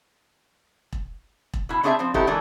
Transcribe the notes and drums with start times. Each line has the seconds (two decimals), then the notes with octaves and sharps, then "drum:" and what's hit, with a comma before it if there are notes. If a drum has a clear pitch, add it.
0.93 drum: kick E1
1.54 drum: kick E1
1.69 B2 E4
1.83 A3 C4 D4 G#4 D#5 E5
1.99 F3 C4
2.14 D#3 F#3 C4 E4 G4 A4, drum: kick E1
2.27 D3 E3 G#3 A3 D4 A#4